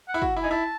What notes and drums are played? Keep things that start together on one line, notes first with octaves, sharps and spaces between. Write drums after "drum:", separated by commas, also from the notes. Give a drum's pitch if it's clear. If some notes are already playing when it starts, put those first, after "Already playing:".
F#5
E4
F#4, drum: kick
E4
D#4 G#5
E4 A5